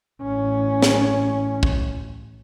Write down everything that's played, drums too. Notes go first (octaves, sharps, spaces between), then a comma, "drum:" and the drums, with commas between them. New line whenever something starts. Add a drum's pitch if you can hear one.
A1 C#4
drum: snare
drum: kick